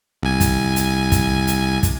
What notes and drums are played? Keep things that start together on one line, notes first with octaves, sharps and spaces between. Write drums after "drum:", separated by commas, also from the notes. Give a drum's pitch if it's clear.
C2 G#5
drum: kick, hi-hat
drum: hi-hat
drum: kick, hi-hat
drum: hi-hat
drum: kick, hi-hat